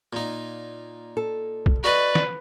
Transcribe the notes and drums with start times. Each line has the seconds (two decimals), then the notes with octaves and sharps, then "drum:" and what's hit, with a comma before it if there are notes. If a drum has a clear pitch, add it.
0.13 A#2 D#4
1.17 A4
1.66 drum: kick
1.84 F#4 B4 D5 D#5
2.15 drum: snare